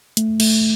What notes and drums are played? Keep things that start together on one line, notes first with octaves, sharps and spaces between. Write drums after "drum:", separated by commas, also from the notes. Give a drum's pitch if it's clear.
A3, drum: hi-hat
A3, drum: cymbal